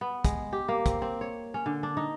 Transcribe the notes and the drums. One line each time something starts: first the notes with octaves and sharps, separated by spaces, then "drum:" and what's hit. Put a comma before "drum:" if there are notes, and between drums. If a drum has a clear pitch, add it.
B3
G#3, drum: kick, hi-hat
G4
A#3
C4, drum: kick, hi-hat
C4
C#5
C#4
D3
D4
D#4